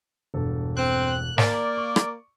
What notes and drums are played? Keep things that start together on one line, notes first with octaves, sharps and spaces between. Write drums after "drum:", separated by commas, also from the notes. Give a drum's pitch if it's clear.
E1 G2 A4
C4 F#6
A#3 D5, drum: snare
C#6
drum: rim click